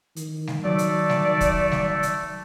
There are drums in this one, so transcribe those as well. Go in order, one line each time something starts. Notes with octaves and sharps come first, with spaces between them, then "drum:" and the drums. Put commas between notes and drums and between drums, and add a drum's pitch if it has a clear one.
D#3, drum: hi-hat
drum: snare G3
F#3 A3 D5
drum: hi-hat
drum: snare G3
drum: kick, hi-hat
drum: snare G3
drum: hi-hat